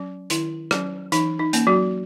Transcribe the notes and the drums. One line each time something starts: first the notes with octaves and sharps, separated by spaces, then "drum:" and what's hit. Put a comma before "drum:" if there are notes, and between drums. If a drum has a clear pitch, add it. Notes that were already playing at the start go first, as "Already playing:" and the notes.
Already playing: F#3 C#4
D#3 E4, drum: hi-hat
F#3 C#4, drum: rim click
E3 D#4, drum: hi-hat
D#4
A#3 C#4, drum: hi-hat
F#3 F#4